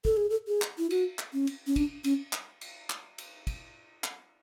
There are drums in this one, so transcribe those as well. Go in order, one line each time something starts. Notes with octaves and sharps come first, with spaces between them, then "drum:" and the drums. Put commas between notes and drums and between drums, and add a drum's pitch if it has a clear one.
A4, drum: kick
G#4
A4
G#4
drum: clap
E4
F#4, drum: cymbal
drum: clap
C#4
drum: cymbal
C#4
D4, drum: kick, cymbal
C#4, drum: cymbal
drum: clap
drum: cymbal
drum: clap
drum: cymbal
drum: kick, cymbal
drum: clap